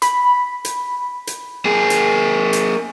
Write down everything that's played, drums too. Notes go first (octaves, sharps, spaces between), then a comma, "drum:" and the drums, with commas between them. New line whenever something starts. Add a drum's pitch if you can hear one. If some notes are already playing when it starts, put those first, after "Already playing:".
B5, drum: hi-hat
drum: hi-hat
drum: hi-hat
A#3 G#4
drum: hi-hat
drum: hi-hat